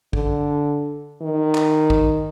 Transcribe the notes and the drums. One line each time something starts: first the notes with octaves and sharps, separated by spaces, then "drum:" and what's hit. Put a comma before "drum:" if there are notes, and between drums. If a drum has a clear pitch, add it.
D3, drum: kick
D#3
drum: clap
drum: kick